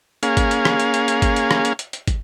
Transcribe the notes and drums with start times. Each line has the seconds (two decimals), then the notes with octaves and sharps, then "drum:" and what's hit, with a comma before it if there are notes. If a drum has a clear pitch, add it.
0.23 A#3 C#4 G#4 F5, drum: hi-hat
0.37 drum: kick, hi-hat
0.51 drum: hi-hat
0.65 drum: rim click
0.80 drum: hi-hat
0.94 drum: hi-hat
1.08 drum: hi-hat
1.22 drum: kick, hi-hat
1.36 drum: hi-hat
1.51 drum: rim click
1.65 drum: hi-hat
1.79 drum: hi-hat
1.93 drum: hi-hat
2.08 drum: kick, hi-hat